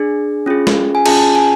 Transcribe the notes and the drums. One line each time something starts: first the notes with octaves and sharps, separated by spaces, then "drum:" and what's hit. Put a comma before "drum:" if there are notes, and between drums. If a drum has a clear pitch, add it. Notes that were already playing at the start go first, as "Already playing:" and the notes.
Already playing: D4 G#4
C#4 F4 G#4
drum: snare
G#5
C#4 F4 G#4 A5, drum: cymbal
A5
G#5